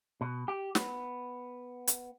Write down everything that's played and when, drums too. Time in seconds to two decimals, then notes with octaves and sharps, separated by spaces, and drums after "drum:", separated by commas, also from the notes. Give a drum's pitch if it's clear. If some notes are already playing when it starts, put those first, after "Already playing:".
0.21 B2
0.48 G4
0.75 B3, drum: snare
1.87 drum: hi-hat